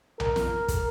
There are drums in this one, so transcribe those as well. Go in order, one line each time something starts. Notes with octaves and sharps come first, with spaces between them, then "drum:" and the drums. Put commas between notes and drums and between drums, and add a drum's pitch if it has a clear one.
A#4, drum: tom B1
drum: snare
drum: kick, hi-hat